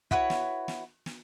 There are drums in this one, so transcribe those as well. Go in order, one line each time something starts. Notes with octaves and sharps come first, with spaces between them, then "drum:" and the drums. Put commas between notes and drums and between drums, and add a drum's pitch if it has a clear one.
E4 F#4 B4 C#5, drum: kick
drum: snare
drum: snare
drum: snare